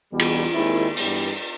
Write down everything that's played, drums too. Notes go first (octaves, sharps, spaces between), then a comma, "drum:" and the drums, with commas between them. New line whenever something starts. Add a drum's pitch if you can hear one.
E2 B2 G3 B3
drum: cymbal
D#2 D#3 G#3 C4 E4
G2 E3 G3 B3, drum: open hi-hat